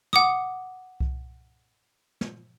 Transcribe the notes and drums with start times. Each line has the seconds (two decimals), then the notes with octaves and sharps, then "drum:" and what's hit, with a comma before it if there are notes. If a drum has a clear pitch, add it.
0.13 F#5 D6 D#6, drum: snare
1.00 drum: kick C2
2.21 drum: snare